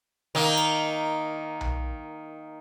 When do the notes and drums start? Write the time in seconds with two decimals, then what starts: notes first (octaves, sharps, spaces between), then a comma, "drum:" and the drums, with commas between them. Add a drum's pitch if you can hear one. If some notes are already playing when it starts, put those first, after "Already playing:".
0.35 D#3 A#3 D#4, drum: snare
0.57 drum: hi-hat
1.61 drum: tom B1